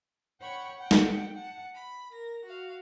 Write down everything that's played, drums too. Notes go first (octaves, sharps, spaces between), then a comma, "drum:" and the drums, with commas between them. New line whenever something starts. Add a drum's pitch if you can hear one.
C#5 F#5 G5 B5 C#6
F#5 G5
drum: snare
F#5 A5
B5
A#4 A#6
F#4 F5